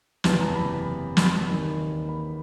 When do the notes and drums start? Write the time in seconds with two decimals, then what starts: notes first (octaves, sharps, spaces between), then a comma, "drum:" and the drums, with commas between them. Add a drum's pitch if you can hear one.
0.24 F#1 E2 C3 E3 A5, drum: snare
0.40 A#5
0.55 B5
1.17 B5, drum: snare
1.47 D#2 D#3
2.09 B5